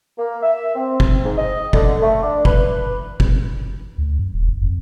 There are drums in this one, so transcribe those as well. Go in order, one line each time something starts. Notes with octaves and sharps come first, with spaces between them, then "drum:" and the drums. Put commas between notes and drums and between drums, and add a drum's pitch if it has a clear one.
A#3
E5
C4
drum: kick
G#2
D#5
D3, drum: kick
A3
D4
B4, drum: kick
drum: kick
D2
F#2
D#1
F#1
F2